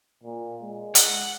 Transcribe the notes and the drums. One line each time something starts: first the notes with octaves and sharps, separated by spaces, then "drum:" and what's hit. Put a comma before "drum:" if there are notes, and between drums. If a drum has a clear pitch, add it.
A#2
G#3
F#5, drum: hi-hat